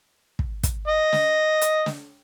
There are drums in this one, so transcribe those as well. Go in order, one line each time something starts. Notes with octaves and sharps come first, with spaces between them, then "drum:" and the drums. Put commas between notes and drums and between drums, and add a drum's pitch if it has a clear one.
drum: kick
drum: kick, hi-hat
D#5
drum: snare
drum: hi-hat
drum: snare